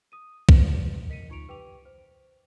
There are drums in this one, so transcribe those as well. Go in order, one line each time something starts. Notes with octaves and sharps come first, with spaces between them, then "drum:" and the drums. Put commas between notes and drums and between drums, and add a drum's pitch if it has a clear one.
D#6 D#7
G4 B4 C5 D5, drum: kick
A#4 D#5 B6 C#7 D#7
D#4 F4 C#6 C#7 D7 F7
G4 B4 G5 D6 F7
C5